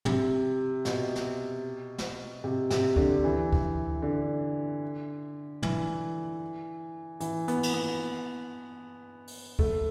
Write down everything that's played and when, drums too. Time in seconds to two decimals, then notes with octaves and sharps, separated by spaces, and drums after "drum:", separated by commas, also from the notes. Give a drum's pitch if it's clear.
0.05 C3, drum: tom
0.85 B2, drum: snare
1.16 drum: snare
1.98 drum: snare
2.44 C3
2.70 C3, drum: snare
2.96 D3, drum: kick D2
3.24 E3
3.53 drum: kick D2
4.02 D3
5.62 E3, drum: tom
7.20 E3, drum: hi-hat
7.48 B3, drum: hi-hat
7.63 drum: cymbal
7.74 B3
9.27 drum: open hi-hat
9.59 A3, drum: kick D2